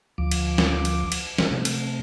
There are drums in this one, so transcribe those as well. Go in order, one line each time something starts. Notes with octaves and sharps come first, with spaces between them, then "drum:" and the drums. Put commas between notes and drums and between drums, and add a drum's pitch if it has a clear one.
D2 F3 D6
drum: cymbal
drum: snare
drum: cymbal
drum: cymbal
drum: snare
C3 A3
drum: cymbal